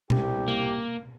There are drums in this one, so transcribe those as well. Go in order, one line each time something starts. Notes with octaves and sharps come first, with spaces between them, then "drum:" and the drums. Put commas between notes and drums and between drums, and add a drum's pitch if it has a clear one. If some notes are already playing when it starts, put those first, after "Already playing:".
C2 G4, drum: tom B2
A#3